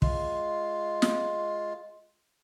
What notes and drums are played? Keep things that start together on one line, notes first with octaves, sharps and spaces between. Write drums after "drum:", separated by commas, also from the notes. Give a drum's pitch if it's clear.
G#3 F4, drum: kick
drum: snare